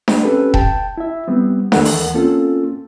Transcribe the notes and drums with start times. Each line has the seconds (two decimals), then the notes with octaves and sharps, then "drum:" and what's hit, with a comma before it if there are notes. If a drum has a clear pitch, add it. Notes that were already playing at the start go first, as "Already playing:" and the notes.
0.08 drum: snare D4
0.23 C4 C#4 G4 A4 B4
0.54 G5 A5, drum: kick E1
0.97 E4 E5
1.28 G3 B3 C4
1.72 D#2 E3 A4 A#4 F#5, drum: snare D4
1.85 drum: open hi-hat
2.14 A#3 C4 C#4 F4 A4